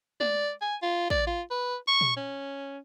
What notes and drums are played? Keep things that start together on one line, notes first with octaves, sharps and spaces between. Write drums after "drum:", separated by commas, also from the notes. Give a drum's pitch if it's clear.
D5, drum: tom G#3
G#5
F4
D5, drum: kick
F4
B4
C#6
drum: tom A#2
C#4